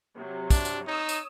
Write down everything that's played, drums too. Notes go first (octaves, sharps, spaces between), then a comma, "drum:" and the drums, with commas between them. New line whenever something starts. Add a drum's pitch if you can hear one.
C3 F#3
D4, drum: kick, tambourine
drum: tambourine
D#4 C#5 D#6 E6
drum: tambourine